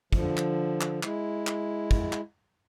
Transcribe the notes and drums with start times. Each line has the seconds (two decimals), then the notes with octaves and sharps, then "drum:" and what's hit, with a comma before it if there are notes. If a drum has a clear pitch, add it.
0.13 D3 F3, drum: kick
0.37 drum: clap
0.81 drum: clap
1.03 G#3 E4, drum: clap
1.47 drum: clap
1.91 drum: kick
2.13 drum: clap